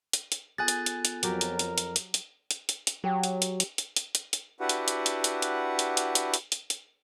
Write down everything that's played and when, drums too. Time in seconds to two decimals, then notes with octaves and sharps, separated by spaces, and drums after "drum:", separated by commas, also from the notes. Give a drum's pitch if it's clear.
0.13 drum: hi-hat
0.32 drum: hi-hat
0.58 B3 F4 G#4 A4 G#5 F#6 A6
0.68 drum: hi-hat
0.86 drum: hi-hat
1.05 drum: hi-hat
1.23 F2 F#3 G4 A#4, drum: hi-hat
1.41 drum: hi-hat
1.59 drum: hi-hat
1.78 drum: hi-hat
1.96 drum: hi-hat
2.14 drum: hi-hat
2.51 drum: hi-hat
2.69 drum: hi-hat
2.87 drum: hi-hat
3.04 F#3 G4
3.24 drum: hi-hat
3.42 drum: hi-hat
3.60 drum: hi-hat
3.78 drum: hi-hat
3.96 drum: hi-hat
4.15 drum: hi-hat
4.33 drum: hi-hat
4.60 D4 E4 F#4 G4 B4 F#5
4.69 drum: hi-hat
4.88 drum: hi-hat
5.06 drum: hi-hat
5.24 drum: hi-hat
5.42 drum: hi-hat
5.79 drum: hi-hat
5.97 drum: hi-hat
6.15 drum: hi-hat
6.34 drum: hi-hat
6.52 drum: hi-hat
6.70 drum: hi-hat